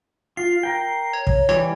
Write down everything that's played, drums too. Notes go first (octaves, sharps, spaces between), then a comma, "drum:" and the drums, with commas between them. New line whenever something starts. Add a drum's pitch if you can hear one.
F4 C7
A#4 G5
C#5
drum: kick
E3 G3 C#5, drum: rim click